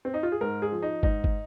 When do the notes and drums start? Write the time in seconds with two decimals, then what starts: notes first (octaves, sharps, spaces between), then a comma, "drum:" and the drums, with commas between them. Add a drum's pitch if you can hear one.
0.05 C4
0.14 D#4
0.23 F4
0.32 G#4
0.41 G#2 A#4
0.62 G#4
0.72 F3
0.82 D#4
1.03 G#2 D#4, drum: kick
1.24 drum: kick